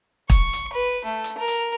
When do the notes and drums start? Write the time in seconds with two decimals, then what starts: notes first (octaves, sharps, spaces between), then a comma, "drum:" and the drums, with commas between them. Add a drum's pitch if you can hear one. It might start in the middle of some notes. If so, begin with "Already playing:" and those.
0.30 C#6, drum: kick, hi-hat
0.53 drum: hi-hat
0.73 B4
1.05 A3
1.24 drum: hi-hat
1.38 A#4
1.48 drum: hi-hat